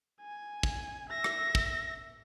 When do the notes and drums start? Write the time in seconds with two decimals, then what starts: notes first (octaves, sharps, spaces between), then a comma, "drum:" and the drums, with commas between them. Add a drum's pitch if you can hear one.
0.21 G#5
0.63 drum: kick
1.09 E5 A#6
1.24 drum: rim click
1.55 drum: kick